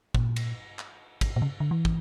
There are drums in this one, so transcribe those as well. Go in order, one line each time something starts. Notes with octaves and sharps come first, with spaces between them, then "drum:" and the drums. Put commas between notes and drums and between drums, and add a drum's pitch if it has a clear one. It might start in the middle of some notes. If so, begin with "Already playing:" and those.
A#2, drum: kick
drum: cymbal
drum: clap
drum: kick, cymbal
A#2
C#3
D3
E3
drum: kick